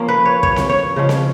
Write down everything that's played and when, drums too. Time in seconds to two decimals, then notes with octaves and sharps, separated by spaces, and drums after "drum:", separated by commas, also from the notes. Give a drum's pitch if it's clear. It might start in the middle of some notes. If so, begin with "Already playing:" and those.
Already playing: F3 A#3 C#4
0.08 B4
0.25 C#5
0.43 C#5, drum: kick
0.56 drum: snare C4
0.69 C#5
0.96 C#3 F3 G#3 C#4
1.09 drum: snare C4